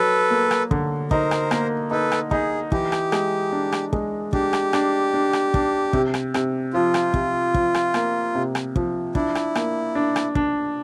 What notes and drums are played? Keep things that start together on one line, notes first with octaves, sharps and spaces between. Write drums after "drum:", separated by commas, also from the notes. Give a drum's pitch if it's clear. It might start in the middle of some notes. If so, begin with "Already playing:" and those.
Already playing: F#3 A4 B4
A#3
drum: rim click
D3, drum: kick
D#4 A#4 C5, drum: kick
drum: rim click
A#3, drum: rim click
D#4 A4 B4
drum: rim click
D#4 G#4, drum: kick
E3 G4, drum: kick
drum: rim click
G#3, drum: rim click
D4
drum: rim click
G#3, drum: kick
D4 G4, drum: kick
drum: rim click
D4, drum: rim click
D4
drum: rim click
D4, drum: kick
C3, drum: kick
drum: rim click
C3, drum: rim click
F3 F4
drum: rim click
C3, drum: kick
F3, drum: kick
drum: rim click
A#3, drum: rim click
C3
drum: rim click
F3, drum: kick
D4 E4, drum: kick
drum: rim click
A#3, drum: rim click
D4
drum: rim click
D4, drum: kick